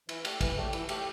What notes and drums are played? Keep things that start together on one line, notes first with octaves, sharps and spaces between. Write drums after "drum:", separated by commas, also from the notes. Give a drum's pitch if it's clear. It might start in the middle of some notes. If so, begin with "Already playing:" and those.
E3, drum: cymbal
A3 G4, drum: cymbal
E3, drum: kick, cymbal
A3 G4
E3, drum: cymbal
A3 G4, drum: cymbal